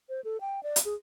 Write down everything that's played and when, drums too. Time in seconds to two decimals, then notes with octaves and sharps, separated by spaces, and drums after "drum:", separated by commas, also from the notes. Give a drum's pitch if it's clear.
0.09 C5
0.24 A4
0.41 G5
0.63 D5
0.76 drum: hi-hat
0.85 G#4